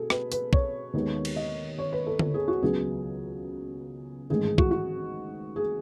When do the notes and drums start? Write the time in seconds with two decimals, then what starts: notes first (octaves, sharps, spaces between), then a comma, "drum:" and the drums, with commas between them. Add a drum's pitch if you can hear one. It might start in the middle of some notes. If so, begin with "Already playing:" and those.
Already playing: B2 G#4 A4
0.10 B4, drum: rim click
0.32 B4, drum: hi-hat
0.53 C#5, drum: kick
0.94 D#2 D#3 G#3 B3
1.25 drum: cymbal
1.36 D#5
1.79 C#5
1.92 B4
2.07 A4
2.19 A4, drum: tom D3
2.34 G#4
2.48 F#4
2.62 C#2 C#3 F#3 B3 G#4
4.30 A1 G#2 D#3 A3 G#4
4.43 G#4
4.58 F#4, drum: kick
4.71 F#4
5.56 G#4